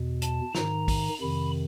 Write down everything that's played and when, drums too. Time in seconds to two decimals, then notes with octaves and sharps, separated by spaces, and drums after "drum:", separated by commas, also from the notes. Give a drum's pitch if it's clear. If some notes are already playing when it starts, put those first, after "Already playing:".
Already playing: E2 B2
0.22 A5, drum: hi-hat
0.55 G#2 D#3 A#5, drum: snare
0.88 drum: kick, open hi-hat
1.21 F2 C3 D#3 B5